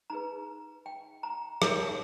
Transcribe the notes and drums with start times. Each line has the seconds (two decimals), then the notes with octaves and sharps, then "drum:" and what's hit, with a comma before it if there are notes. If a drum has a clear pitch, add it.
0.10 D#4 G#4 B4 A#5
0.86 G5
1.23 A#5
1.62 D#4 A#4 C#5, drum: rim click